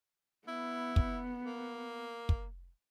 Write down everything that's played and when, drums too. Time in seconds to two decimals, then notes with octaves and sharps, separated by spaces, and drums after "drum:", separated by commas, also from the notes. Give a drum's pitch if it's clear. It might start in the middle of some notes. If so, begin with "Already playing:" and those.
0.48 B3 E4
0.96 drum: kick
1.46 A#3
2.29 drum: kick